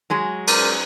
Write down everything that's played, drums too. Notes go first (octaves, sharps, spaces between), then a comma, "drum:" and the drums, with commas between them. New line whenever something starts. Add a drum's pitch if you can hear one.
F#3 G#3 G#4
A#4 C5 D5, drum: cymbal